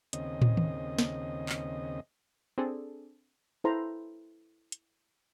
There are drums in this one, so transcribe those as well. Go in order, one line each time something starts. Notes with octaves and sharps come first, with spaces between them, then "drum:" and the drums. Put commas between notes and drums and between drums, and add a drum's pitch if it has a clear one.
D#2 C#3 C4 D#5, drum: hi-hat
drum: tom
drum: tom D#3
drum: snare
drum: clap
C4 D4 G#4 A4
E4 A4 C5 A#5 C6
drum: hi-hat